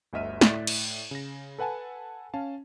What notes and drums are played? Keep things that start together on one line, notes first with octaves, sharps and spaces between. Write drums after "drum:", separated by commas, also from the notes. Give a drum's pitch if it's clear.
G1 D2 D#5 E5 F6 D#7
A2 D5 E5 F#6 A6 B6, drum: snare
drum: cymbal
C#3 A#6
A4 B4 F#5 G#5 A5
C#4 F5 A5